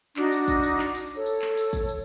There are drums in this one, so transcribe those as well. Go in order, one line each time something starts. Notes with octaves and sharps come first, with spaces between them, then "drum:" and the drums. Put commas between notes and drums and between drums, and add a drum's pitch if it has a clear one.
D4 D#4 F#4, drum: clap
drum: tambourine
drum: kick, tambourine
drum: tambourine
drum: clap
drum: tambourine
A4 C#5
drum: tambourine
drum: clap
drum: tambourine
drum: kick, tambourine
drum: tambourine